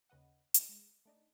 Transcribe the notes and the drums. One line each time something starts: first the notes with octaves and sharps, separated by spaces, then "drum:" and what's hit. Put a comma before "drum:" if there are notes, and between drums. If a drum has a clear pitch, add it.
D#2 C#3 B4 D#5 F#5
A3 D#4, drum: hi-hat
G#3
A3 D4 D#4